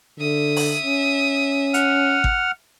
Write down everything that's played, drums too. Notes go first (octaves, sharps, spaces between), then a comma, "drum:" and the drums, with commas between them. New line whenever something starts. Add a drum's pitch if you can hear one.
D3 E5 D#6
drum: open hi-hat
C#4
F#5 F6, drum: hi-hat
drum: kick